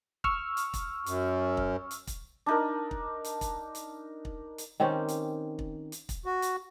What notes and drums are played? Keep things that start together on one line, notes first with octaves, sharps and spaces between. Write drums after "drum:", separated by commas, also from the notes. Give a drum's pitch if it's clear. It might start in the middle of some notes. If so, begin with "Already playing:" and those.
C#6 E6 F6, drum: kick
drum: hi-hat
drum: kick, hi-hat
F#2, drum: hi-hat
drum: kick
drum: hi-hat
drum: kick, hi-hat
D4 D#4 A#4
drum: kick
drum: hi-hat
drum: kick, hi-hat
drum: hi-hat
drum: kick
drum: hi-hat
D#3 C4 C#4 G4
drum: hi-hat
drum: kick
drum: hi-hat
drum: kick, hi-hat
F#4
drum: hi-hat